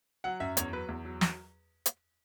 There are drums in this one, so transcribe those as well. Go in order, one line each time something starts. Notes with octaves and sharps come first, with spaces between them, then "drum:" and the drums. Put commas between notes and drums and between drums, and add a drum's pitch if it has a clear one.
F#3 F#5
F#2 E5
E2 C#5, drum: hi-hat
F#3 B4
E2
F#3
drum: snare
drum: hi-hat